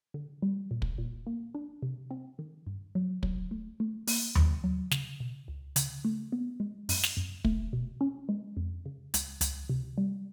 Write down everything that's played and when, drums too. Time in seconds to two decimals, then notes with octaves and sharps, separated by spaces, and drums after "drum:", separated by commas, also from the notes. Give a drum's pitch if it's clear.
0.14 D3
0.42 G3
0.71 A#2
0.82 drum: kick
0.98 A#2
1.27 A#3
1.55 D4
1.82 C3
2.11 C4
2.39 D#3
2.67 G2
2.95 F#3
3.23 F#3, drum: kick
3.51 A3
3.80 A3
4.07 A#3, drum: open hi-hat
4.35 F#3, drum: tom D#2
4.64 F#3
4.91 C#3, drum: snare
5.20 B2
5.48 C#2
5.76 C#3, drum: hi-hat
6.05 A3
6.32 B3
6.60 G#3
6.89 F#2, drum: open hi-hat
7.03 drum: snare
7.17 F#2
7.45 A3, drum: kick
7.73 B2
8.01 C#4
8.29 G#3
8.57 F2
8.86 C#3
9.14 C#2, drum: hi-hat
9.41 C#2, drum: hi-hat
9.69 C3
9.98 G3